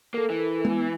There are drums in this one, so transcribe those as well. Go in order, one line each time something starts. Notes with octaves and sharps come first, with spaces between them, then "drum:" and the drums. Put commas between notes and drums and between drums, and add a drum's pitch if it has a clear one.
A#3 A4 A#4
E3
B3, drum: tom G#3